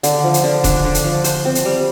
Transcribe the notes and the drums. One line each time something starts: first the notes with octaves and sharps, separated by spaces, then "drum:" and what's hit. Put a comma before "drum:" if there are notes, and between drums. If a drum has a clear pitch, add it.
D3, drum: hi-hat
F3
drum: hi-hat
D3
D4, drum: kick D#1, hi-hat
D3
drum: hi-hat
F3
C5, drum: hi-hat
C4
drum: hi-hat
G3